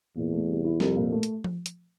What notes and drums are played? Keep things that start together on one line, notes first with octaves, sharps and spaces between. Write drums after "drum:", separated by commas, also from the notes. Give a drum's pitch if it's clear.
E2 A#2
A3
C2
E4
C2 F2, drum: snare
A#2
A3
drum: hi-hat
drum: tom F3
drum: hi-hat